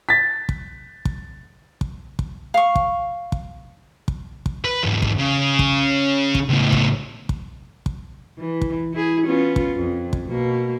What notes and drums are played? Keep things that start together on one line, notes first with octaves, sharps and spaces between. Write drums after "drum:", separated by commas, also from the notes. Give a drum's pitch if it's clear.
A6 B6
drum: kick
drum: kick
drum: kick
drum: kick
F5 C#6
drum: kick
drum: kick
drum: kick
drum: kick
B4
E2 G#2
drum: kick
C#3
drum: kick
drum: kick
C#2 A2
drum: kick
drum: kick
drum: kick
E3
drum: kick
E4 G#4
B3 C#4 F4
drum: kick
F2
drum: kick
B2 A#3